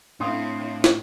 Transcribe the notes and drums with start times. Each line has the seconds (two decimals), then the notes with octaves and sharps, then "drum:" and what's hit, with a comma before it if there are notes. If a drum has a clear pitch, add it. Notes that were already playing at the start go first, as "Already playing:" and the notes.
0.20 A2 C4 D4 E4 F5 C6 D#6
0.84 drum: snare